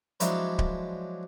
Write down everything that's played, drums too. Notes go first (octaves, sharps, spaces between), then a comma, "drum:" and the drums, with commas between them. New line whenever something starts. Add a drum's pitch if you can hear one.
F3 F#3 G#3 D4 E4, drum: hi-hat
drum: kick D1